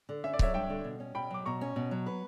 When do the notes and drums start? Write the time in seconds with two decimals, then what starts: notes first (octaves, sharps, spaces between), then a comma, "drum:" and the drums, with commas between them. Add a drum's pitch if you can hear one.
0.09 D3
0.24 C#4 E5
0.33 D5
0.39 F#3 C#5 E5, drum: kick C#1
0.54 G2 E5 G5
0.70 D3
0.84 B2
1.00 C#4
1.15 B2 G5 B5
1.31 F#3 D6
1.46 B2 A#5 C#6
1.61 C#4
1.76 B2
1.91 F#3
2.06 B4